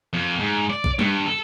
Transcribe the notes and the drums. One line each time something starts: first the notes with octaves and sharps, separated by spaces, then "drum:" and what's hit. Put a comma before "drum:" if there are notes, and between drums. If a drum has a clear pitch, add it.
F2
G#2
D5
drum: kick
G2, drum: tom G3
A4